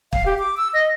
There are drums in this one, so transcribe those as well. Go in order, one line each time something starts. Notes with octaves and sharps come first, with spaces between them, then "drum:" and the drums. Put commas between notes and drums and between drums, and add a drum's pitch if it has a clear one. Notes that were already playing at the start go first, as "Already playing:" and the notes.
F5, drum: kick
G4
D6
E6
D#5